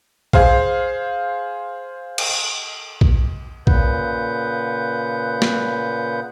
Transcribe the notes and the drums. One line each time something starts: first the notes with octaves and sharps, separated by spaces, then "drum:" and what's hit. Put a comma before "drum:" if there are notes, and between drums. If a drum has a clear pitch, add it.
G#4 C5 F5, drum: kick
drum: cymbal
drum: kick
A#2 C#3 B4 F#5 G6, drum: kick
drum: snare